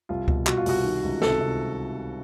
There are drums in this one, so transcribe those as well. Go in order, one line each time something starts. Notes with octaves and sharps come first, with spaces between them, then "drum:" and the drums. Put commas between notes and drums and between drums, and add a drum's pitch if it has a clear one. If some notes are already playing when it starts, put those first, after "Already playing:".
C2 F4
B2, drum: kick C#2
B2 F#4, drum: clap
F4
C2 F#4, drum: open hi-hat
D#3
C#2
C3 A4, drum: snare
C3